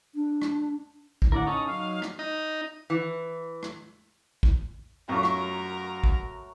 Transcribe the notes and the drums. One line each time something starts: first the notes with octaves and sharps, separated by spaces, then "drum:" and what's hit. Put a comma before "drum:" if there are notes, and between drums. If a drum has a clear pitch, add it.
D4
drum: rim click
drum: kick
A2 D3 E4 A#4 D5 F#5
C#4 D#4 A4 C#6 D#6
F#3 D#4 F5
drum: rim click
D#4
E3
drum: rim click
drum: kick
F#2 F#3 A3 F4 F#4 A#4
drum: rim click
drum: kick